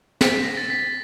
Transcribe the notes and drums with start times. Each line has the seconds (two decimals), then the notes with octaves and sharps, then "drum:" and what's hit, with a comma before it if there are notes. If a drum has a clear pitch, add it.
0.21 B6, drum: snare
0.43 A#6
0.57 A6
0.70 B6